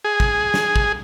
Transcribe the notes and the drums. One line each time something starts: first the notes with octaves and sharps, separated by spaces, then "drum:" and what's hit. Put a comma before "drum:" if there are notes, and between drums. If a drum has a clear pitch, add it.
G#4
drum: kick
drum: snare
drum: kick